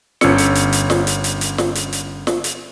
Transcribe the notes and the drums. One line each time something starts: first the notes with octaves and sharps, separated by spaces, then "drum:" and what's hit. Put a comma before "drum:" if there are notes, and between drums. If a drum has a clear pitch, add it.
G1 C#4 E6 C#7, drum: snare
drum: hi-hat
drum: hi-hat
drum: hi-hat
drum: snare
drum: hi-hat
drum: hi-hat
drum: hi-hat
drum: snare
drum: hi-hat
drum: hi-hat
drum: snare
drum: hi-hat